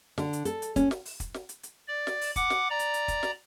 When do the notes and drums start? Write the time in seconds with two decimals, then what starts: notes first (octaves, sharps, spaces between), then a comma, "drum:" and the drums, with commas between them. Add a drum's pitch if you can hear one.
0.18 D3, drum: snare
0.33 drum: hi-hat
0.45 A4, drum: hi-hat
0.62 drum: hi-hat
0.76 C#4, drum: kick, hi-hat
0.91 drum: snare
1.05 drum: open hi-hat
1.20 drum: kick, hi-hat
1.34 drum: snare
1.49 drum: hi-hat
1.63 drum: hi-hat
1.88 D5
2.07 drum: snare
2.21 drum: open hi-hat
2.36 F#5 D6, drum: kick, hi-hat
2.50 drum: snare
2.70 D5 A#5
2.79 drum: hi-hat
2.94 drum: hi-hat
3.08 drum: kick, hi-hat
3.23 drum: snare